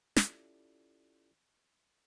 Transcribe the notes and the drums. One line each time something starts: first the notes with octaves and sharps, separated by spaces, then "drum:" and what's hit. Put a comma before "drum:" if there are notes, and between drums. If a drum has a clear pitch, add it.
C#4 E4 F4 G4 A4 D5, drum: snare